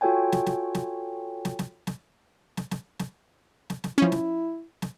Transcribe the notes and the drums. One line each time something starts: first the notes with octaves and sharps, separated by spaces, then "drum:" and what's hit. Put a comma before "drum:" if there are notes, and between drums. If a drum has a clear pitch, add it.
F4 F#4 A4 C#5 G5 G#5
drum: snare
drum: snare
drum: snare
drum: snare
drum: snare
drum: snare
drum: snare
drum: snare
drum: snare
drum: snare
drum: snare
F3 C#4 E4
drum: snare
drum: snare